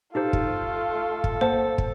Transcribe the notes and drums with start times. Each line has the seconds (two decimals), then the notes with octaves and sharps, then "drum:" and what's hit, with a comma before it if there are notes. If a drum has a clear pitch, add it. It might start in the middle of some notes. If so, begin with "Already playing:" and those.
0.15 A3 D#4 F4 G4 A4 C5
0.33 drum: kick
1.24 drum: kick
1.41 A#3 C5 F#5 A5
1.78 drum: kick